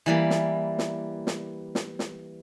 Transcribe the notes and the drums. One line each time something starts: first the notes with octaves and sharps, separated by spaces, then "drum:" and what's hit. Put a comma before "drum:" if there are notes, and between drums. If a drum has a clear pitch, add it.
E3 G3 A#3
drum: snare
drum: snare
drum: snare
drum: snare
drum: snare